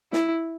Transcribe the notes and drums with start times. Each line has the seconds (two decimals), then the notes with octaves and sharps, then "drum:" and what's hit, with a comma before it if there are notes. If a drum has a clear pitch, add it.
0.13 E4, drum: snare